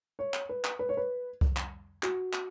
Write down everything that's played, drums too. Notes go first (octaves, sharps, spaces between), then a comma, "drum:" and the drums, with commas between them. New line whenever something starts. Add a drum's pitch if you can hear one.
C#5
drum: clap
B4
drum: clap
B4
C#5
B4
drum: kick C2
drum: clap
F#4, drum: clap
drum: clap